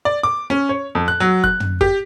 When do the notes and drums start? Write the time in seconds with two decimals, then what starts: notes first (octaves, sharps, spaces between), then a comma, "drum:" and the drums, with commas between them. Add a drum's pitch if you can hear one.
0.05 D5
0.23 D6
0.50 C#4
0.69 C#5
0.95 F2
1.08 F#6
1.20 F#3
1.44 F#6, drum: kick F#1
1.60 drum: tom
1.81 G4, drum: kick F#1